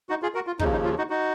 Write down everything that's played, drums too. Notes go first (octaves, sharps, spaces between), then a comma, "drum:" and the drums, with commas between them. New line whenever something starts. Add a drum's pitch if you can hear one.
D#4 F#4
F4 G#4
F#4 A#4
F4
D#2 C#3 F3 D#4, drum: kick
D#4
F4
D#4 F#4
D#4 F#4